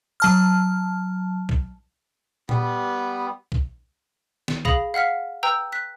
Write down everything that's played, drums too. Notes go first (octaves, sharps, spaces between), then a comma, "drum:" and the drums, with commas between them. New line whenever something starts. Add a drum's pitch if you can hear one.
F#3 A5 F6
drum: kick A#1
G3 B3, drum: tom A#2
drum: kick A#1
drum: snare
G#4 F5 B5 D#6 A#6 F#7, drum: kick A#1
F5 F#5 F6 B6
B4 G5 A#5 E6 G6
F#6 B6